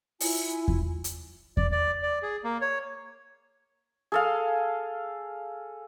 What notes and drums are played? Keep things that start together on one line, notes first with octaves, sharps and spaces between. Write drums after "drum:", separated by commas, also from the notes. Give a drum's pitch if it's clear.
E4 F4 G#5, drum: open hi-hat
drum: kick E2
drum: hi-hat
D5, drum: kick E2
D5
D5
G#4
A#3
C#5
G#4 A4 F5